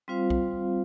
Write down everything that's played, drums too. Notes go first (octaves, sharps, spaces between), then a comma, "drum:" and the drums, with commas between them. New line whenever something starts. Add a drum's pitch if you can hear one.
G3 C4 F4 C5 F5
drum: kick B1